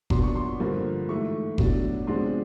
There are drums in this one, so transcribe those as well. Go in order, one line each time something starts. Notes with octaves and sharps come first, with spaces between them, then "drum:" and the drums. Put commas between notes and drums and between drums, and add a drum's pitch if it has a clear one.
A#2 F#3 B3 D4 C6, drum: kick F#1
C#6
C6
G2 D3 F3 A#3
G#2 E3 A3 C#6
A2 F#3 B3 D4, drum: kick F#1
C3 F3 G#3 B3 D4 C6